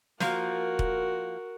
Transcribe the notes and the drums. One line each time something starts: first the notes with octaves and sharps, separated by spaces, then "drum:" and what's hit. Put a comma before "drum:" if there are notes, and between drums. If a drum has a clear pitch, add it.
F3 A#3 F4 F#4 A#4, drum: snare
drum: kick